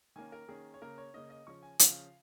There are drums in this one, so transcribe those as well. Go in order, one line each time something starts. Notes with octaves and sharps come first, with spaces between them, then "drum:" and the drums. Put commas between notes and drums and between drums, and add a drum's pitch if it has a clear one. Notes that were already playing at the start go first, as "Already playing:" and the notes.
D#3 A#3 C#4 G#5
A#4
D#3 A#3 C#4 G#4
C#5
C#3 A#3 C#4 A#4
C#5
C#3 A#3 C#4 D#5
D#5
C#3 F3 C#4 C#6
G#5
C#3 F3 C#4 F5, drum: hi-hat